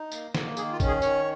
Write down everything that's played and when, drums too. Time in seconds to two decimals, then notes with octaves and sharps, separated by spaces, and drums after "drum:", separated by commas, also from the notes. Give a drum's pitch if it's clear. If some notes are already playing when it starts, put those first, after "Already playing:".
Already playing: D#4
0.12 A#3, drum: tambourine
0.35 A#3, drum: snare
0.57 D#3 G#4, drum: tambourine
0.72 F4
0.80 C#4, drum: kick, tambourine
0.87 G#4
1.02 D#3 C#5, drum: tambourine